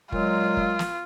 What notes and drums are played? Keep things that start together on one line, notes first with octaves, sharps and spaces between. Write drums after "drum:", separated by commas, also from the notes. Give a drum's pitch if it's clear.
A#2 F#3 G#3 F4, drum: kick F#1
drum: kick F#1
drum: snare